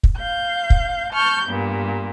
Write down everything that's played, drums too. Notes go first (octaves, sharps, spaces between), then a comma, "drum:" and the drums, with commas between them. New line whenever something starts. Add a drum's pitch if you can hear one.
drum: kick
F5 G6
drum: kick
A5 C#6 F6 G6
G2 A#2 B3